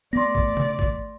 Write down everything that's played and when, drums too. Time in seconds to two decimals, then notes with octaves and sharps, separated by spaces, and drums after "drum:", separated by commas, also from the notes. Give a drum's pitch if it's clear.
0.13 A3 B3 D5 C6 A#6
0.35 drum: kick G#1
0.57 drum: tom
0.79 drum: kick G#1